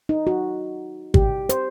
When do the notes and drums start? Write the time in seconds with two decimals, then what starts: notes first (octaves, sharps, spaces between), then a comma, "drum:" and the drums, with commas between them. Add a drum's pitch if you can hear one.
0.09 D#4
0.27 F#4
1.14 G4, drum: kick
1.49 C5, drum: hi-hat